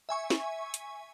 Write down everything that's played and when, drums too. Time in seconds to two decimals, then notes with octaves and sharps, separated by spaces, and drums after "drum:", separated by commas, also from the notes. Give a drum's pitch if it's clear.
0.09 E5 G#5 C#6
0.30 drum: snare
0.74 drum: hi-hat